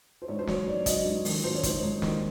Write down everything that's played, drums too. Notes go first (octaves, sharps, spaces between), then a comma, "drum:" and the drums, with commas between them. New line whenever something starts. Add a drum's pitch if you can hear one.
C5
G#2 C#5
C5
F#3 C#5, drum: snare
G#2 D5
F#3 D#5, drum: kick, hi-hat
G#2
D#3, drum: open hi-hat
G#2 C5
C#5
G#2 C5, drum: kick, hi-hat
G#2
D#3, drum: snare